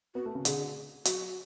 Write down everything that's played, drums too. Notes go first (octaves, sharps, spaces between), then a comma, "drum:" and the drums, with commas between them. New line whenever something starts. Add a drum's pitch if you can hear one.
B3 F#4
A3
C#3
D3 G#4, drum: hi-hat
F#3 F#4, drum: hi-hat